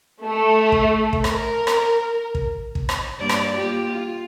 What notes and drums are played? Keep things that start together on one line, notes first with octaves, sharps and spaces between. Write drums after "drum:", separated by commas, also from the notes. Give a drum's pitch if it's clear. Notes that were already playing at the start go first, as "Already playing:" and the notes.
A3
drum: kick
drum: kick
A#4, drum: rim click
drum: rim click
drum: kick
drum: kick
drum: rim click
G2 A#3 D5
drum: rim click
A#3 F4 G4
F4